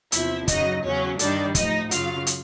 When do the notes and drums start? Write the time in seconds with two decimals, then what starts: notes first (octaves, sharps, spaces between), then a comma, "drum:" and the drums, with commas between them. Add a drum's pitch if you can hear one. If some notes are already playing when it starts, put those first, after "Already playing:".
0.12 E2 C3 F3 E4 E5, drum: hi-hat
0.48 F#2 C#3 F#3 D#4 D#5, drum: kick, hi-hat
0.84 E2 C#3 F#3 C#4 C#5
1.19 G2 D#3 G3 D4 D5, drum: hi-hat
1.55 A2 F3 D#4 D#5, drum: kick, hi-hat
1.91 F#2 C#3 F#3 F4 F5, drum: hi-hat
2.27 drum: hi-hat